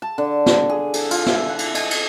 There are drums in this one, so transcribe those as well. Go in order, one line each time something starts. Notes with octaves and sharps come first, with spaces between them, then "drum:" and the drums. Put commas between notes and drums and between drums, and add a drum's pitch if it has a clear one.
A5
D3
drum: snare
G#4
A4, drum: cymbal
F4, drum: cymbal
E5, drum: snare
F#5
drum: cymbal
D#5, drum: cymbal
drum: cymbal